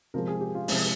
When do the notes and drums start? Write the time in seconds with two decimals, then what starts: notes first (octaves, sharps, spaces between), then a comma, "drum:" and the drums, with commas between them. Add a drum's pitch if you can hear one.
0.14 C3 F3 G#3 A#4
0.27 G#4
0.41 G4
0.55 F4
0.68 C3 F3 G#3 E4, drum: open hi-hat